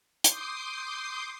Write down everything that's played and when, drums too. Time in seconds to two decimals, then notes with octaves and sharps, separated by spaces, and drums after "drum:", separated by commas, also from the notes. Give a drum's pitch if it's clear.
0.24 C6 D6 D#6 G6 C7, drum: hi-hat